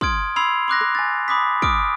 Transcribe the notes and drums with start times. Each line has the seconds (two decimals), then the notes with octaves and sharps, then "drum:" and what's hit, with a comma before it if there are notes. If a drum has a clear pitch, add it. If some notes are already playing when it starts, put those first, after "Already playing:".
0.01 C6 D#6 F6 G#6 D7, drum: kick
0.36 B5 C6 E6 G#6 C7 F7
0.68 C6 D6 F#6 A#6
0.81 drum: rim click
0.95 G#5 A6
1.28 B5 D6 D#6 B6
1.62 D6 D#6 F6 D7, drum: kick